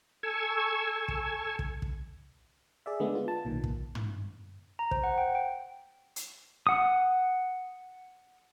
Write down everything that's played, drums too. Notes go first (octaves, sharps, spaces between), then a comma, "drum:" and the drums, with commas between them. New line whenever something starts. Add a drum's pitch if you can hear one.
A4 G#5 C#6 E6 G#6
drum: kick
drum: kick
drum: kick
G#4 D5 E5
D3 G#3 A3 B3
B3 F4
A5
B1 A#2 D#3
A1, drum: kick
drum: tom
A#5
C5, drum: kick
F#5
G5
G5
drum: hi-hat
F#5 D#6